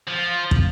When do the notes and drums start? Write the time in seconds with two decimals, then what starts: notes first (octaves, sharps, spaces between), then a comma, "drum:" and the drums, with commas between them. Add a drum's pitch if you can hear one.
0.08 F3
0.51 drum: kick